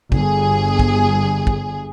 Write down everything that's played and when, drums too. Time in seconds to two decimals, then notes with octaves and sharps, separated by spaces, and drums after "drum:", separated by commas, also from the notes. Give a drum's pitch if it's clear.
0.12 G1 G#4, drum: kick
0.79 drum: kick
1.47 drum: kick